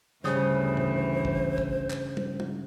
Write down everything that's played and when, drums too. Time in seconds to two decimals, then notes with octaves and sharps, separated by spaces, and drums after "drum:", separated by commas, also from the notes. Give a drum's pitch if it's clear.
0.24 D2 G2 C#3 E3 C5 D#6, drum: snare
0.77 drum: tom
1.25 drum: kick
1.58 drum: kick
1.90 drum: clap
2.17 drum: tom
2.40 drum: tom